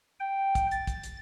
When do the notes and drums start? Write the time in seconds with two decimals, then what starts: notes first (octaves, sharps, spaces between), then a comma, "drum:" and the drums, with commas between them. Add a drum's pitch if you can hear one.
0.20 G5
0.55 drum: kick, hi-hat
0.71 A6, drum: hi-hat
0.87 drum: kick, hi-hat
1.03 drum: hi-hat